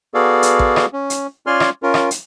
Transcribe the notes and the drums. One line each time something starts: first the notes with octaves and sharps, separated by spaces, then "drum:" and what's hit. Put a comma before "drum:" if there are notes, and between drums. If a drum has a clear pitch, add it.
B3 F#4 G#4 A4 D5 F5
drum: hi-hat
drum: kick
drum: rim click
C#4
drum: hi-hat
C#4 F4 D5 G#5 C6 F6
drum: rim click
C#4 F4 A#4
drum: rim click
drum: hi-hat